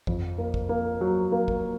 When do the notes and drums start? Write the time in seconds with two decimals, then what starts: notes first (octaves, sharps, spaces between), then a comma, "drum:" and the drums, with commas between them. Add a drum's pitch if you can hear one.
0.07 F2, drum: kick
0.38 A#3
0.54 drum: kick
0.69 A#3
1.01 F#3
1.32 A#3
1.48 drum: kick